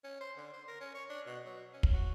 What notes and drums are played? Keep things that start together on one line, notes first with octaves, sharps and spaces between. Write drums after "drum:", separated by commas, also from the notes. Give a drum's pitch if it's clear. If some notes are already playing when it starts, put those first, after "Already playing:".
C#4
C5
D3
C5
A#4
C#4
C#5
D4
B2
F#3
C#4
drum: kick
F#4